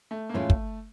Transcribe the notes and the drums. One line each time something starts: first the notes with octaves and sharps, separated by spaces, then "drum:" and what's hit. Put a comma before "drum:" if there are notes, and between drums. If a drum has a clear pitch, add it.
A3
A#3
A2 E3 G#3 A3 C#4 F4
drum: kick